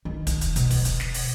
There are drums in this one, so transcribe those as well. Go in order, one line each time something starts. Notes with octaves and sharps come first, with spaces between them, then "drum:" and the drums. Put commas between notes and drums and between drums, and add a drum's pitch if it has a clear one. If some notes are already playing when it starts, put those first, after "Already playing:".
D#3
drum: kick, hi-hat
drum: hi-hat
B2, drum: hi-hat
drum: kick, open hi-hat
drum: hi-hat
drum: snare
drum: open hi-hat